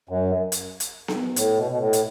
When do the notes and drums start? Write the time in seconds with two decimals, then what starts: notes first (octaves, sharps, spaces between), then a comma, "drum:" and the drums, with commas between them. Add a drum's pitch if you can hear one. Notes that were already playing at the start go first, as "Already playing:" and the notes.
0.09 F#2
0.52 drum: hi-hat
0.80 drum: hi-hat
1.08 drum: snare B3
1.36 A2, drum: hi-hat
1.57 B2
1.71 B2
1.79 A2
1.93 drum: hi-hat